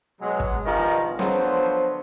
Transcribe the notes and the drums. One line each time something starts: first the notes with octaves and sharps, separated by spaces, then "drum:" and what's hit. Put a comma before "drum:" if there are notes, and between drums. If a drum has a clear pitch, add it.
B2 F#3 G#3
drum: kick
G2 B2 D#3 F3 G#4 A#5
D3 F3 F#3 B3 C5, drum: snare